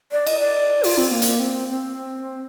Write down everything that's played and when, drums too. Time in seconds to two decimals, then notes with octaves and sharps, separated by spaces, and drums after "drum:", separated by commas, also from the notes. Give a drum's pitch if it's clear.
0.12 D5
0.27 D#5, drum: cymbal
0.40 D5
0.84 F4, drum: open hi-hat
0.98 C4
1.12 A#3
1.22 drum: hi-hat
1.40 C4
1.69 C4